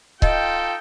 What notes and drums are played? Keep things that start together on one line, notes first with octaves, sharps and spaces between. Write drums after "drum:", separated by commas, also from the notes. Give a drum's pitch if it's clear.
D#4 F4 A4 D#5 G5, drum: kick C#1